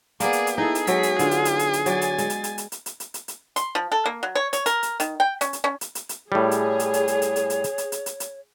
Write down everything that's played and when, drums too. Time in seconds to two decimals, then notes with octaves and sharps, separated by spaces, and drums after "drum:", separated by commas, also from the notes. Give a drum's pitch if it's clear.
0.20 A#3 B3 G#4 D5, drum: hi-hat
0.33 drum: hi-hat
0.47 drum: hi-hat
0.58 D#4 E4 G#4 A4
0.75 drum: hi-hat
0.87 F#3 G#3 A4 B6, drum: hi-hat
1.03 drum: hi-hat
1.19 D3 B3 D#4 F4, drum: hi-hat
1.31 drum: hi-hat
1.45 drum: hi-hat
1.59 drum: hi-hat
1.73 drum: hi-hat
1.86 F#3 D5 G#5 A6, drum: hi-hat
2.01 drum: hi-hat
2.18 G#3, drum: hi-hat
2.30 drum: hi-hat
2.44 drum: hi-hat
2.58 drum: hi-hat
2.72 drum: hi-hat
2.86 drum: hi-hat
3.00 drum: hi-hat
3.14 drum: hi-hat
3.28 drum: hi-hat
3.56 C6, drum: hi-hat
3.75 F3
3.92 A4
4.06 A#3
4.23 F#3
4.35 C#5
4.53 C#5, drum: hi-hat
4.66 A#4, drum: hi-hat
4.83 drum: hi-hat
5.00 D#3, drum: hi-hat
5.20 G5
5.41 C#4, drum: hi-hat
5.53 drum: hi-hat
5.64 C#4
5.81 drum: hi-hat
5.95 drum: hi-hat
6.09 drum: hi-hat
6.32 A2 G3 G#4 C#5
6.51 drum: hi-hat
6.79 drum: hi-hat
6.94 drum: hi-hat
7.08 drum: hi-hat
7.22 drum: hi-hat
7.36 drum: hi-hat
7.50 drum: hi-hat
7.64 drum: hi-hat
7.78 drum: hi-hat
7.92 drum: hi-hat
8.06 drum: hi-hat
8.20 drum: hi-hat